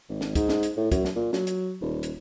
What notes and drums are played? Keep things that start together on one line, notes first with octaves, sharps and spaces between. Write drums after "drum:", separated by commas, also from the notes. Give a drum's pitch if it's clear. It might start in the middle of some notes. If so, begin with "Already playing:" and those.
G#1
drum: snare
G#2, drum: kick, hi-hat
drum: snare
drum: hi-hat
A2
F#2, drum: kick, hi-hat
drum: snare
A#2
F#3, drum: snare
drum: hi-hat
D#1
drum: hi-hat